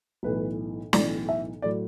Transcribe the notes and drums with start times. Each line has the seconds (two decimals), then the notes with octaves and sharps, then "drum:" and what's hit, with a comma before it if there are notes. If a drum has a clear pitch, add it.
0.23 B1 A2 E3 B4
0.93 B1 A2 E3 D5, drum: snare
1.29 E5
1.62 A2 F#3 D5